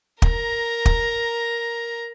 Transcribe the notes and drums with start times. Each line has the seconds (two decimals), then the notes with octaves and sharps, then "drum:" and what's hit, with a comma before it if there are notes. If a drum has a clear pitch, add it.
0.22 A#4 A#5, drum: kick
0.86 drum: kick